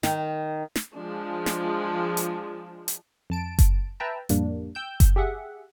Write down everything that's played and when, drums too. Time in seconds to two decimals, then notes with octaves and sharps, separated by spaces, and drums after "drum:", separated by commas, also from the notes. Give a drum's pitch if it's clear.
0.03 D#3, drum: snare
0.76 drum: snare
0.95 F3 G#3 D4
1.46 drum: snare
2.17 drum: hi-hat
2.88 drum: hi-hat
3.30 F2 A5 D7
3.59 drum: kick F#1, hi-hat
4.00 B4 E5 G5 A5 A#5
4.29 A1 F2 G3 A#3 D4, drum: hi-hat
4.75 G5 E6 G6
5.00 drum: kick F#1, hi-hat
5.16 G4 G#4 E5 F#5